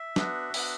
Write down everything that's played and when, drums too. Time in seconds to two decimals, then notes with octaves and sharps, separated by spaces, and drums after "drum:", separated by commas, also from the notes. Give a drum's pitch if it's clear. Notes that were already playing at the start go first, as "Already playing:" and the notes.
Already playing: E5
0.16 B3 D4 F#4, drum: snare
0.54 B3 D4 F#4, drum: open hi-hat